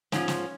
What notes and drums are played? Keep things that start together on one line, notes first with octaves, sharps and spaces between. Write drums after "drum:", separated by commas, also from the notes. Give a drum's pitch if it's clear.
G#2 F3 C#4, drum: snare
drum: snare